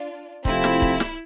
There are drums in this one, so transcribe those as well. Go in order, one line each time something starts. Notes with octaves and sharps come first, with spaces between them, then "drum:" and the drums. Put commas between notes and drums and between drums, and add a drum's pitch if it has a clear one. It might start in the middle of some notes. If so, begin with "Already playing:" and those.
Already playing: D4 F4
C3 F3 A3 C4 E4, drum: kick
drum: snare
drum: kick
drum: snare